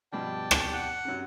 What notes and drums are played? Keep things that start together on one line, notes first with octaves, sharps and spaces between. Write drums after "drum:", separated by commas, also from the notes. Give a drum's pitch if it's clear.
G2 B2 F3 D5 G5 A5
drum: rim click
F#5
F#2 C3